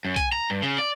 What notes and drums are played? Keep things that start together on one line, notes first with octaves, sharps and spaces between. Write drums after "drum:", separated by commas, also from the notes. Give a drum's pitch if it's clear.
F#2
G#5, drum: kick B1, hi-hat
A#5
G2
C#3
D5